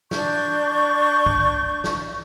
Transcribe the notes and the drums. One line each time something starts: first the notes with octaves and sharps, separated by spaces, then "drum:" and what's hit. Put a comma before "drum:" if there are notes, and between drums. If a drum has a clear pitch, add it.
D4 C#6 G6, drum: snare
drum: kick
drum: snare